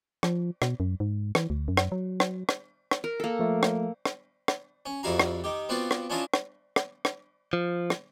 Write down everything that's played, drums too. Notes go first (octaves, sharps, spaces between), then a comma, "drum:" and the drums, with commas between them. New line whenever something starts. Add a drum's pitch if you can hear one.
F3, drum: rim click
B2, drum: rim click
F#2
G#2
E3, drum: rim click
D2
F#2
drum: rim click
F#3
drum: rim click
drum: rim click
drum: rim click
A#4
A#3 A4
F3 A3
drum: rim click
drum: rim click
drum: rim click
C#4
F2 G3 E4 F#4 F5 A#5
drum: rim click
D#3 G4
B3 C4 F4 F#4 D5
drum: rim click
C#4 D4 E4 F4 C#5 D#5
drum: rim click
drum: rim click
drum: rim click
F3
drum: rim click